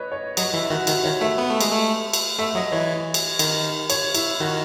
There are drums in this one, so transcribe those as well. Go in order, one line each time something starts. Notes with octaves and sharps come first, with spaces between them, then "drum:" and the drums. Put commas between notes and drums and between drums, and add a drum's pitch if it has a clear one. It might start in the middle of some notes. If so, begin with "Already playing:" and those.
Already playing: B4 C#5 D#5
C#5
F#3 D#5, drum: cymbal
E3 E5
D#3 F#4
D#3 F#4, drum: cymbal
D#3 C#5
A3 E5
B3
A3
G#3, drum: cymbal
A3
drum: cymbal
A3 E5
F#3 D#5
E3 C#5
drum: cymbal
D#3, drum: cymbal
C#5, drum: cymbal
E4, drum: cymbal
D#3 F#4